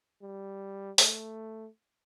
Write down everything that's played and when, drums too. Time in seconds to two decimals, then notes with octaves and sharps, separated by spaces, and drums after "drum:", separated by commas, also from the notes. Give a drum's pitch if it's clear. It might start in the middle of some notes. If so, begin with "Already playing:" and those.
0.22 G3
0.98 A3, drum: open hi-hat